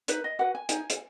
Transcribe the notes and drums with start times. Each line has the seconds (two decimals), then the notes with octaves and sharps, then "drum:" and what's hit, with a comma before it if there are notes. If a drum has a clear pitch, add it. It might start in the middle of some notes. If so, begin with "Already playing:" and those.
0.08 D#4 B4, drum: hi-hat
0.24 D#5
0.39 F#4 B4 F#5
0.55 G#5
0.69 D#4 G#5, drum: hi-hat
0.90 drum: hi-hat